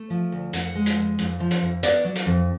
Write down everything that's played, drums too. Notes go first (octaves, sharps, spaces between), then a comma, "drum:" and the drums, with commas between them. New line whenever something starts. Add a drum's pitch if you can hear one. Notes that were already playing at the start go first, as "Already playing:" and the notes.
Already playing: A3
F3
D2
F2 F#5, drum: hi-hat
G#3
drum: hi-hat
F2
F2, drum: hi-hat
F3
drum: hi-hat
F2
B3 D5, drum: hi-hat
F#3
drum: hi-hat
F2